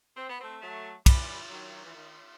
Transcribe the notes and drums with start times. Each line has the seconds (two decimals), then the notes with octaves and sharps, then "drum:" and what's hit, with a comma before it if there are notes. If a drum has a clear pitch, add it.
0.17 C4
0.29 B3
0.41 A3 C4
0.62 F#3 A3
1.06 E3 G3, drum: kick, cymbal
1.50 D#3 F#3
1.85 E3
1.94 D#3